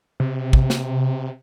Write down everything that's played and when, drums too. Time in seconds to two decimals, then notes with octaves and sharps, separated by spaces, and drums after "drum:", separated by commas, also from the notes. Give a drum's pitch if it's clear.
0.20 C3
0.53 drum: kick
0.70 drum: snare